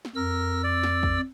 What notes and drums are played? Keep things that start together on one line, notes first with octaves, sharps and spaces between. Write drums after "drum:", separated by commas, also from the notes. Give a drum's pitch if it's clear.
drum: snare
F2 A#4 E6
D5
drum: snare
drum: kick